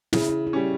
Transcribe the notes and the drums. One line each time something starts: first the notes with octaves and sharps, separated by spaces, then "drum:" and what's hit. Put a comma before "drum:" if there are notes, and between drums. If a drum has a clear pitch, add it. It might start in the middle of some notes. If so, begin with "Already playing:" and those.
C#3 E4, drum: snare
E4
E4
G3 C#4